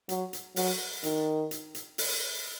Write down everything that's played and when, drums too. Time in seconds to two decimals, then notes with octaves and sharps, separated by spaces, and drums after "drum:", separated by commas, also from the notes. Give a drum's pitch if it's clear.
0.09 F#3, drum: hi-hat
0.33 drum: hi-hat
0.56 F#3, drum: open hi-hat
1.03 D#3, drum: hi-hat
1.51 drum: hi-hat
1.75 drum: hi-hat
1.98 drum: open hi-hat